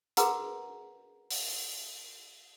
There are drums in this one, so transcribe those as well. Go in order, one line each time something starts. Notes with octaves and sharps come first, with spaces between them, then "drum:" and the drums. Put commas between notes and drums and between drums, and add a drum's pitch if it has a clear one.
F#4 G#4 A#4 B4 F#5 A#5, drum: hi-hat
drum: open hi-hat